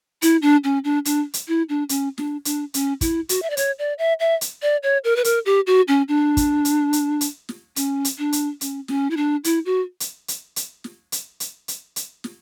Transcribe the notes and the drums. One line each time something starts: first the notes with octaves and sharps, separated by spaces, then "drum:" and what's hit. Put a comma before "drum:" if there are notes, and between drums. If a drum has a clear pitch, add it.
E4, drum: hi-hat
D4
C#4
D4
D4, drum: hi-hat
drum: hi-hat
E4
D4
C#4, drum: hi-hat
D4, drum: snare
D4, drum: hi-hat
C#4, drum: hi-hat
E4, drum: kick, hi-hat
F#4, drum: hi-hat
E5
D5
C#5, drum: hi-hat
D5
E5
E5
drum: hi-hat
D5
C#5
A#4
B4
A#4, drum: hi-hat
G4
F#4
C#4
D4
drum: kick, hi-hat
drum: hi-hat
drum: hi-hat
drum: hi-hat
drum: snare
C#4, drum: hi-hat
drum: hi-hat
D4
drum: hi-hat
C#4, drum: hi-hat
C#4, drum: snare
E4
D4
E4, drum: hi-hat
F#4
drum: hi-hat
drum: hi-hat
drum: hi-hat
drum: snare
drum: hi-hat
drum: hi-hat
drum: hi-hat
drum: hi-hat
drum: snare